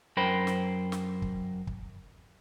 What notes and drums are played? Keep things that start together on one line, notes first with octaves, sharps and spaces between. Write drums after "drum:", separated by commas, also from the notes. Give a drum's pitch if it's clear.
F#2 A#4 C5 G5 B5
drum: snare
drum: snare
drum: kick
drum: kick